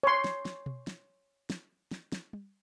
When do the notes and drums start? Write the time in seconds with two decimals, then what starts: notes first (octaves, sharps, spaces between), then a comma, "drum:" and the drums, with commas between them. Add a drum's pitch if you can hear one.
0.03 C#5 C6
0.24 drum: snare
0.45 drum: snare
0.66 drum: tom B2
0.87 drum: snare
1.50 drum: snare
1.91 drum: snare
2.12 drum: snare
2.33 drum: tom